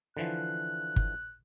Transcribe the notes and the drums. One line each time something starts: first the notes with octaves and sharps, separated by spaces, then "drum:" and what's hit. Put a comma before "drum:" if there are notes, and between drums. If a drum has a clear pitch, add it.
D3 E3 F3 F#6
drum: kick G1